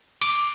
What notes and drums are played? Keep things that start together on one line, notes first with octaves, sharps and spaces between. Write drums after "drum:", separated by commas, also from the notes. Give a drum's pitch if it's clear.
D6, drum: cymbal